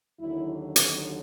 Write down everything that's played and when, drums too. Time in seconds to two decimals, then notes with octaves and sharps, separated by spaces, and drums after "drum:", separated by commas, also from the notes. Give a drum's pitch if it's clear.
0.19 D#2 D3 F#3 E4
0.76 drum: hi-hat